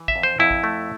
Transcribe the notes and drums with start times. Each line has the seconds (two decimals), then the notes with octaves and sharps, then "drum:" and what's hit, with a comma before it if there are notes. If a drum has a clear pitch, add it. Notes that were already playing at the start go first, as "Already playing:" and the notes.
Already playing: E3
0.08 E5, drum: kick A1
0.16 F2
0.23 C5
0.39 F2 E4
0.51 drum: kick A1
0.64 A3